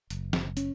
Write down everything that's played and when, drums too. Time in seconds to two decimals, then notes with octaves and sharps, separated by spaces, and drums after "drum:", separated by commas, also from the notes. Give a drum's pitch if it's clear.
0.10 F#1, drum: hi-hat
0.33 drum: snare
0.57 C#4, drum: hi-hat